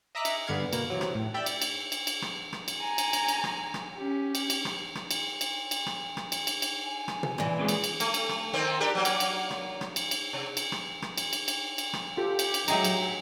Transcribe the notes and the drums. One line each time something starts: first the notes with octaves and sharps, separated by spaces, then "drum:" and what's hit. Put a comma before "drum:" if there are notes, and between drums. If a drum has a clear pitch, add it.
D#5 E5 A#5 D6 F#6 B6
drum: cymbal
G2 D3 B3 F5 G#6 C#7
B2 A#3, drum: cymbal
C3 E3 F#3
drum: rim click
A2
G4 D5 E5 G5 B5
drum: cymbal
drum: cymbal
drum: cymbal
drum: cymbal
drum: rim click
drum: rim click
drum: cymbal
G#5 A#5
drum: cymbal
drum: cymbal
drum: cymbal
drum: rim click
drum: rim click
C#4 G4
drum: cymbal
drum: cymbal
drum: rim click
drum: rim click
drum: cymbal
drum: cymbal
drum: cymbal
drum: rim click
drum: rim click
drum: cymbal
drum: cymbal
drum: cymbal
G#5
drum: rim click
drum: tom
A#2 E3, drum: rim click
C3 G#3
drum: cymbal
drum: cymbal
A3, drum: cymbal
drum: cymbal
drum: rim click
D#3 A#3 C4
D4 G4 A#4
F#3 A#3
drum: cymbal
drum: cymbal
drum: rim click
drum: rim click
drum: cymbal
drum: cymbal
C3
drum: cymbal
drum: rim click
drum: rim click
drum: cymbal
drum: cymbal
drum: cymbal
drum: cymbal
drum: rim click
F4 G4 A4
drum: cymbal
drum: cymbal
F#3 D#4 G#4 E5 G5 A#5, drum: cymbal
drum: cymbal